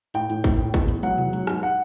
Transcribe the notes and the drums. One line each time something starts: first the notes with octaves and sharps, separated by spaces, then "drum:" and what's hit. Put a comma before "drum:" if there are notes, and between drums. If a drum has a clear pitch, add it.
A2 G5, drum: hi-hat
A2, drum: hi-hat
A2, drum: kick, open hi-hat
A2
E2, drum: kick, hi-hat
E2, drum: hi-hat
F#3 F#5, drum: hi-hat
E2, drum: tom B2
F#3, drum: hi-hat
G#2, drum: rim click
F#5